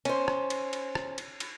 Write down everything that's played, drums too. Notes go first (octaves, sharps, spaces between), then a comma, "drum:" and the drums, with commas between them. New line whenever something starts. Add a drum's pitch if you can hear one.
C#4 C5, drum: cymbal
drum: rim click
drum: cymbal
drum: cymbal
drum: rim click
drum: cymbal
drum: cymbal